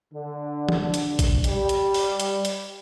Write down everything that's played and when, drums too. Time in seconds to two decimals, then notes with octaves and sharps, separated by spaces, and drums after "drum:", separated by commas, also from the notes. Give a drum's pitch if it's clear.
0.13 D3
0.69 drum: tom
0.94 drum: hi-hat
1.19 drum: kick A1, hi-hat
1.44 G3, drum: hi-hat
1.69 drum: hi-hat
1.94 drum: open hi-hat
2.20 drum: hi-hat
2.45 drum: hi-hat